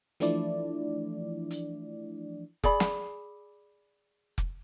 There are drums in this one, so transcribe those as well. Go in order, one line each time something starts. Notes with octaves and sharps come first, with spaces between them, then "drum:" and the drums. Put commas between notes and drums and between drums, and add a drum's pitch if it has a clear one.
E3 F3 A3 D4 E4 D5, drum: hi-hat
drum: hi-hat
G#4 D5 B5, drum: kick F1
drum: snare
drum: kick F1